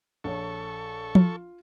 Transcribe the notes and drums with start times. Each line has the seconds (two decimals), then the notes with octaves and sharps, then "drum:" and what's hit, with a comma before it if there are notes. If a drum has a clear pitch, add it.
0.24 A#1 A4 C#5 C#6
1.15 F4, drum: tom F3